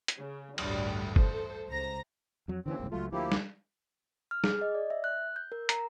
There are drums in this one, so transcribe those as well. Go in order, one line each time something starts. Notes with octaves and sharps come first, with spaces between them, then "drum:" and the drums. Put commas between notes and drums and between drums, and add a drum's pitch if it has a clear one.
drum: hi-hat
C#3
A1 D2 G2 D3 G3, drum: cymbal
A4 C5, drum: kick
C#2 C5 A#5 A#6
F2 F#3
D#2 D3 E3 C4 C#4
F#1 C2 G#2
C#2 F#3 A3 F4
D2 F3 A#3 E4 G4
drum: snare
F6
G#4, drum: snare
D#5
D5
E5
F#6
G6
A#4
A#5, drum: hi-hat